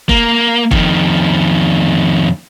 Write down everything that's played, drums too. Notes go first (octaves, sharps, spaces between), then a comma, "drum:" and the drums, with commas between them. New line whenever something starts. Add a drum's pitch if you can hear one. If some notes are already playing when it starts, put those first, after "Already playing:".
A#3, drum: kick F1
F2 D#3, drum: kick F1